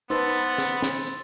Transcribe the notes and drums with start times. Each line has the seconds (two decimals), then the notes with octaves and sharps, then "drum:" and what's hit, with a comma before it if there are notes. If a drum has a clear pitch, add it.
0.10 B3 D#4 B4 C5 A5 C6 E6 A6, drum: hi-hat
0.34 drum: hi-hat
0.58 drum: snare
0.82 drum: snare
1.07 drum: hi-hat